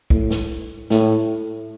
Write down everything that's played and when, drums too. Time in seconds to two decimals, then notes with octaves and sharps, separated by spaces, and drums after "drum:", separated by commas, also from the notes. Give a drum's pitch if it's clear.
0.10 A2, drum: kick
0.30 drum: snare
0.90 A2, drum: snare